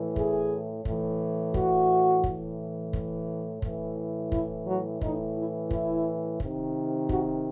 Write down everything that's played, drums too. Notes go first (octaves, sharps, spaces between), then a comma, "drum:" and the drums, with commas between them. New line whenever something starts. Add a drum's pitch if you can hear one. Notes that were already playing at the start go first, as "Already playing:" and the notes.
Already playing: A2 E3
G#4, drum: kick
A2 E3, drum: kick
F#4, drum: kick
A2 E3, drum: kick
drum: kick
A2 E3, drum: kick
E4, drum: kick
F#3
A2 E3 D#4, drum: kick
E4
E4, drum: kick
C3 D#3, drum: kick
F#4, drum: kick